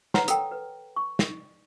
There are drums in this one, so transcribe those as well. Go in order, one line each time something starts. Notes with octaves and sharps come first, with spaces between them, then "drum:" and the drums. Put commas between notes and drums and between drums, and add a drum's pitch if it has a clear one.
B4 C#5 F#5 A#5 C6, drum: snare
A4 A#4 G5, drum: hi-hat
B4
C#6
drum: snare